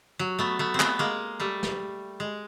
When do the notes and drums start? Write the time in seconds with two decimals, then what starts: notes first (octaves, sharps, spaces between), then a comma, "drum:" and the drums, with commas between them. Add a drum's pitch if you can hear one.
0.19 F#3
0.39 A3 B3
0.59 A3 B3
0.74 C4
0.80 A3 B3, drum: clap
0.99 G#3 A#3
1.40 G3 A3
1.63 drum: snare
2.20 G#3